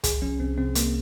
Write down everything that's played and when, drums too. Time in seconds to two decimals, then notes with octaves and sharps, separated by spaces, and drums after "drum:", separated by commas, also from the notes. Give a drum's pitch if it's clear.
0.04 C2 G#4, drum: kick, hi-hat
0.22 F3 C#4
0.40 C2 C4
0.58 C3 C4
0.75 C2 A#3, drum: hi-hat